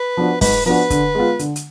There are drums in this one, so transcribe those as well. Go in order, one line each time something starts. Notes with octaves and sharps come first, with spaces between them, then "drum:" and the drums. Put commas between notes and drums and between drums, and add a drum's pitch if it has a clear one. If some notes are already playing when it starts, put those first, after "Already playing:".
Already playing: B4
F3 B3 D4 F#4
G#2 B4, drum: kick, open hi-hat
F3 B3 D4 F#4 B4
D3, drum: kick, hi-hat
G#3 B3 F4
D3, drum: hi-hat
drum: hi-hat